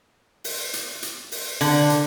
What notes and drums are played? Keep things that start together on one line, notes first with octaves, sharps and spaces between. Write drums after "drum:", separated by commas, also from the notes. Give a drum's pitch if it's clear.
drum: open hi-hat
drum: hi-hat
drum: hi-hat
drum: open hi-hat
D3, drum: open hi-hat
drum: hi-hat